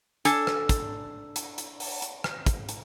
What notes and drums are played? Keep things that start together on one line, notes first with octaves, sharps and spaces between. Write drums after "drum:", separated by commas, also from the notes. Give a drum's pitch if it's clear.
D4 A4 G#5, drum: hi-hat
drum: rim click
drum: kick, hi-hat
drum: hi-hat
drum: hi-hat
drum: open hi-hat
drum: hi-hat
drum: rim click
drum: kick, hi-hat
drum: hi-hat